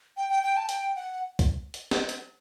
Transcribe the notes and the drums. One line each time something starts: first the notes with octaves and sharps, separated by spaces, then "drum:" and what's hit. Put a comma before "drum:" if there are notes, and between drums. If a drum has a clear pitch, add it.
G5
G5
G5
A5
G5, drum: hi-hat
F#5
drum: kick C2, hi-hat
drum: hi-hat
drum: snare
drum: hi-hat